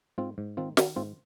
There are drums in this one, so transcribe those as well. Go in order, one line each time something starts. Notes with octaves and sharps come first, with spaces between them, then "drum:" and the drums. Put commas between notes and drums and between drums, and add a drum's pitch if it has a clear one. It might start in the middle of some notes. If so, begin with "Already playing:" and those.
G#2 C4 F4
G#2
D#3 C4 F4
D#3, drum: snare
G#2 C4 F4